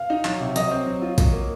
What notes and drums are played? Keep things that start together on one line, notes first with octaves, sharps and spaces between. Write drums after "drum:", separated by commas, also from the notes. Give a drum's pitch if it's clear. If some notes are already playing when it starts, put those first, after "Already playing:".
Already playing: F5
D#4
F#3, drum: clap
C3
F#3 D#5, drum: hi-hat
C4
F#3
F4
F#3, drum: kick, hi-hat
A#3